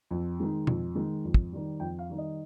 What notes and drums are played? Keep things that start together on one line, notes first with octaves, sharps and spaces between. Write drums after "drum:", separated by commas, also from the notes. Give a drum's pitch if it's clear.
F2
D#3 G#3
F2, drum: tom B2
D#3 G#3
F2
drum: kick
D#3 G3
F2 G5
F5
D#3 G3
D#5